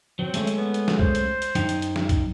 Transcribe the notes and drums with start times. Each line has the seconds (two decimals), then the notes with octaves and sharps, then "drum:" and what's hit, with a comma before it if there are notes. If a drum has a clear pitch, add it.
0.19 F#3 C4
0.34 G#3 A3 C#4, drum: hi-hat
0.47 drum: hi-hat
0.58 B3
0.74 drum: hi-hat
0.88 drum: snare
0.99 C5, drum: kick C2
1.15 drum: hi-hat
1.42 drum: hi-hat
1.55 F#2 D#4 G5, drum: hi-hat
1.69 drum: hi-hat
1.82 drum: hi-hat
1.96 drum: snare
2.09 drum: kick C2, hi-hat